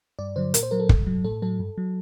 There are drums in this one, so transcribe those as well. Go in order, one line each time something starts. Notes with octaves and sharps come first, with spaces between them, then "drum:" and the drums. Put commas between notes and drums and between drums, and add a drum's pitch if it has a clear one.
G2 D5
D3 F#3 C5
A#2 A#4, drum: hi-hat
C5
F#3 A#4
A4
G2, drum: kick
F#3
A2 A4
F#3 A4
G2
F#3